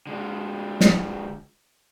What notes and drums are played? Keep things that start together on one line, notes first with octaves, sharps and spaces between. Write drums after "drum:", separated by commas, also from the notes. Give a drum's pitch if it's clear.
D3 G#3
drum: snare